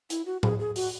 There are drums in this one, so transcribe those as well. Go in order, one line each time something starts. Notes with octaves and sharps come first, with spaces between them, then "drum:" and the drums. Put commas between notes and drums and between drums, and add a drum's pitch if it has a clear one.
E4, drum: hi-hat
F#4
G#4, drum: tom A2
G#4
F#4, drum: open hi-hat